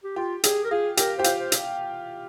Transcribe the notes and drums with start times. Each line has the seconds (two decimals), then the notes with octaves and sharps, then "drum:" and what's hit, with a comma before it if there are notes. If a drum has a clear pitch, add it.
0.04 G4
0.16 F4 G4
0.44 G4 G#4, drum: hi-hat
0.64 A#4
0.70 F4 G#4
0.97 G4 A#4, drum: hi-hat
1.18 G4 C5
1.24 F4, drum: hi-hat
1.39 C5
1.52 drum: hi-hat